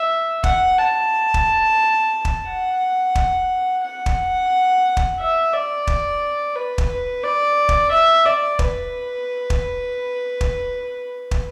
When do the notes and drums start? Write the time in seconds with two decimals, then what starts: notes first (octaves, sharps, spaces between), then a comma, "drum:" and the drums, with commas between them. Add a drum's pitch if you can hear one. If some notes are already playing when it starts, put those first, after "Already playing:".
Already playing: E5
0.44 F#5, drum: kick
0.78 A5
1.34 drum: kick
2.25 drum: kick
2.48 F#5
3.15 drum: kick
3.83 F#5
4.06 drum: kick
4.97 drum: kick
5.19 E5
5.53 D5
5.87 drum: kick
6.56 B4
6.78 drum: kick
6.89 B4
7.23 D5
7.69 drum: kick
7.91 E5
8.26 D5
8.59 B4, drum: kick
9.50 drum: kick
10.41 drum: kick
11.31 drum: kick